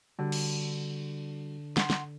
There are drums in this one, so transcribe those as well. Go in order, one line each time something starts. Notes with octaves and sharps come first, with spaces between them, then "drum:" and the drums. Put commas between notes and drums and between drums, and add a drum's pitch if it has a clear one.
D3 G3 F#4
drum: cymbal
F#5 C6, drum: snare
drum: snare